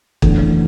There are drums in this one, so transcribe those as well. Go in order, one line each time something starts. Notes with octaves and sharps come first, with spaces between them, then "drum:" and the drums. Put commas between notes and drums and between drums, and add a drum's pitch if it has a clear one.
F#1 E2 D3 A3, drum: kick